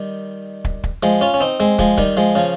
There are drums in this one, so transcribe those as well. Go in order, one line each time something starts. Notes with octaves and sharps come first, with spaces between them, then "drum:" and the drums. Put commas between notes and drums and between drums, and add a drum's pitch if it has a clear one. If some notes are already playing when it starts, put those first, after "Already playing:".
Already playing: D#3 G3
drum: kick
drum: kick
F3 G#3
C#4 F4
C#4
C4 D#4
G#3 C4
F3 G#3, drum: kick
D#3 G3, drum: kick
F3 G#3
C#3 F3